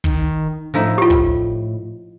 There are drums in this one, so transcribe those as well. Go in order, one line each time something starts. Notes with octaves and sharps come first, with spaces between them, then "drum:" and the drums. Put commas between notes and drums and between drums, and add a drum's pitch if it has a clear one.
D#3, drum: kick
A2 F3 D#4 E4
F4 G4
drum: kick